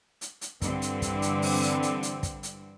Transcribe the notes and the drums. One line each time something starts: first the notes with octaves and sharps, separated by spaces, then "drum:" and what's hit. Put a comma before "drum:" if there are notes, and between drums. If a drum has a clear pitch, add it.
drum: hi-hat
drum: hi-hat
G2 D3 E3 C4, drum: kick, hi-hat
drum: hi-hat
drum: kick, hi-hat
drum: hi-hat
drum: open hi-hat
drum: hi-hat
drum: hi-hat
drum: hi-hat
drum: kick, hi-hat
drum: hi-hat